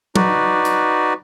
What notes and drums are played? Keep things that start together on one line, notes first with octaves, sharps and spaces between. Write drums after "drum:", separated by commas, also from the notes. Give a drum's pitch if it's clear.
D#4 F#4 B4 D5, drum: tom F#3
drum: hi-hat